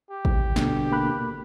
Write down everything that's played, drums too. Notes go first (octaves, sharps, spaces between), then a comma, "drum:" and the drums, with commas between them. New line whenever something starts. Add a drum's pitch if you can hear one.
G4
drum: kick G#1
B2 D3, drum: snare
A#3 B5 F#6